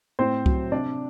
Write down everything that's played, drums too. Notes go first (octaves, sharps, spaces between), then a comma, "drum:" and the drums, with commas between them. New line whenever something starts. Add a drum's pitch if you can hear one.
A2 C4 C5
F#3, drum: kick C2
C3 D4 D5